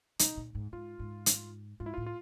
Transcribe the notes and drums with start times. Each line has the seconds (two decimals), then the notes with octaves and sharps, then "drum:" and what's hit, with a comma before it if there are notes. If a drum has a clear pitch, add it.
0.19 B2 D#4, drum: hi-hat
0.37 A#2
0.55 G#2
0.73 G#2 F4
0.99 G#2
1.26 drum: hi-hat
1.80 G#2 F4
1.86 E4
1.94 A2 F4
2.06 F4